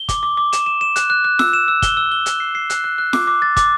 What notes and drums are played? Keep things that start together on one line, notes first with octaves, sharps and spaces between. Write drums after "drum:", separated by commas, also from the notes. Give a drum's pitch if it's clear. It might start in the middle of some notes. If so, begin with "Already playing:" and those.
Already playing: G7
D6, drum: kick, hi-hat
D6
D6
E7, drum: hi-hat
E7
E7
F#6, drum: hi-hat
F#6
F#6
E6, drum: snare
E7
E6
G7, drum: kick, hi-hat
E6
G7
F#6, drum: hi-hat
C7
C7
F#6, drum: hi-hat
F#6
F#6
D6, drum: snare
D6
A6
D6, drum: kick, hi-hat